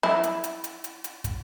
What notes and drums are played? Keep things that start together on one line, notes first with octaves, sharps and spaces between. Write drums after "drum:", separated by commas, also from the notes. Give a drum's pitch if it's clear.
E4, drum: snare
drum: hi-hat
drum: hi-hat
drum: hi-hat
drum: hi-hat
drum: hi-hat
drum: kick, hi-hat